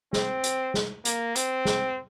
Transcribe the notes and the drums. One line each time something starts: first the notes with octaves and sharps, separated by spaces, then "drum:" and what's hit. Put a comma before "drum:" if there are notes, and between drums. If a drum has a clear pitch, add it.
C4, drum: snare
drum: hi-hat
drum: snare
A#3, drum: hi-hat
C4, drum: hi-hat
drum: snare